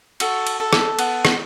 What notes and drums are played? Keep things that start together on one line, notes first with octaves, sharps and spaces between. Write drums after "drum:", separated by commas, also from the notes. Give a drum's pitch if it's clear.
F#4 A4, drum: cymbal
drum: cymbal
A4
drum: rim click
B3, drum: cymbal
drum: rim click